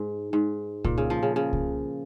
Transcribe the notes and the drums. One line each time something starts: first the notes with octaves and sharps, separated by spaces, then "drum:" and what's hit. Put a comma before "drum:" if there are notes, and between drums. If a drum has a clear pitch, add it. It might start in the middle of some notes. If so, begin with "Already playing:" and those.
Already playing: G#2
G#2
A#2, drum: kick C2
C#3
F3
C#3
C#3
drum: kick C2